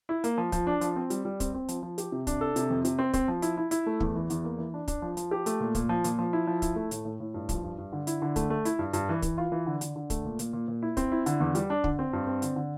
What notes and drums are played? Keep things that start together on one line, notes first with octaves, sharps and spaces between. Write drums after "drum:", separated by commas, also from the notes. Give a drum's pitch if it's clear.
E4
A#3, drum: hi-hat
F3
F3, drum: kick, hi-hat
D4
F3, drum: hi-hat
C4
G3, drum: hi-hat
G3
C4, drum: kick, hi-hat
C4
F3, drum: hi-hat
F3
G4, drum: hi-hat
C3
D4, drum: kick, hi-hat
A4
C3, drum: hi-hat
F2
C3, drum: hi-hat
C4
C4, drum: kick, hi-hat
F3
E4, drum: hi-hat
E4
E4, drum: hi-hat
A3
E2, drum: kick
E3
E2, drum: hi-hat
A#3
E3
D4
D4, drum: kick, hi-hat
F3
F3, drum: hi-hat
G4
A3, drum: hi-hat
A#2
A#2, drum: kick, hi-hat
F3
A#2, drum: hi-hat
F3
E4
F3
E4, drum: kick, hi-hat
A3
A2, drum: hi-hat
A2
A2
G2
F3, drum: kick, hi-hat
G2
G2
D3
E4, drum: hi-hat
D3
A3, drum: kick, hi-hat
A3
E4, drum: hi-hat
G2
G2, drum: hi-hat
E3
E3, drum: kick, hi-hat
F4
E3
D3
D3, drum: hi-hat
D3
A3, drum: kick, hi-hat
A#2
A#2, drum: hi-hat
A#2
A#2
E4
C4, drum: kick, hi-hat
E4
D3, drum: hi-hat
E2
G3, drum: hi-hat
D4
D3, drum: kick
C4
G2
C4
D3, drum: hi-hat
D3